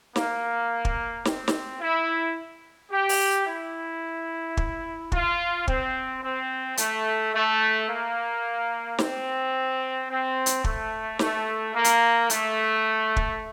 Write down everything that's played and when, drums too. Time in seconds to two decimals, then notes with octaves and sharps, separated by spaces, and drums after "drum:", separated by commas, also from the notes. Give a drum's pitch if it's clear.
0.16 A#3, drum: snare
0.85 drum: kick
1.25 C4, drum: snare
1.48 drum: snare
1.81 E4
2.92 G4
3.09 drum: open hi-hat
3.47 E4
4.57 drum: kick
5.12 F4, drum: kick
5.68 C4, drum: kick
6.23 C4
6.77 A3, drum: hi-hat
7.34 A3
7.88 A#3
8.98 C4, drum: snare
10.09 C4
10.46 drum: hi-hat
10.64 A3, drum: kick
11.19 A3, drum: snare
11.75 A#3
11.84 drum: hi-hat
12.30 A3, drum: hi-hat
13.16 drum: kick